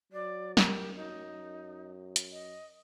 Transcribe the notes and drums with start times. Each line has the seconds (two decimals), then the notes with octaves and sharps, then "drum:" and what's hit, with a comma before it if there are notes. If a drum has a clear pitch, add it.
0.13 F#3 D5
0.57 G4 A#4, drum: snare
0.96 F#2 D#4
2.16 drum: hi-hat
2.32 D#5